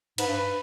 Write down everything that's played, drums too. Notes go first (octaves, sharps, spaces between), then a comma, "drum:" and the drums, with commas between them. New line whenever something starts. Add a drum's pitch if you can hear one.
G#2 B4, drum: cymbal
G2